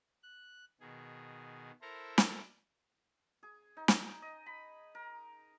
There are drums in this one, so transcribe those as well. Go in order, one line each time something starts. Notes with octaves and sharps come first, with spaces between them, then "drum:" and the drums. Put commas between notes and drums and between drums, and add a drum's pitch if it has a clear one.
F#6
B2 D#3 G#4
E4 A4 A#4 C5 A#5
drum: snare
G#4
D#4
drum: snare
D#5
B5
A#4